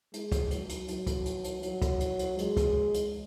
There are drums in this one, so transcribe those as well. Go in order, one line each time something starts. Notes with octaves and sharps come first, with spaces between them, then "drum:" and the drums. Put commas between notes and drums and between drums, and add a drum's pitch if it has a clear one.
G#3, drum: hi-hat
drum: kick, hi-hat
F#3, drum: hi-hat
drum: hi-hat
F#3, drum: hi-hat
drum: kick, hi-hat
drum: hi-hat
drum: hi-hat
F#3, drum: hi-hat
drum: kick, hi-hat
drum: hi-hat
drum: hi-hat
G#3, drum: hi-hat
drum: kick, hi-hat
drum: hi-hat